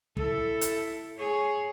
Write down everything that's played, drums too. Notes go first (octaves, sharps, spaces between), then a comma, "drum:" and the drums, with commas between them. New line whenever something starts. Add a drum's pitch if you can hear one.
E4 A4, drum: kick
drum: hi-hat
G#4 C#5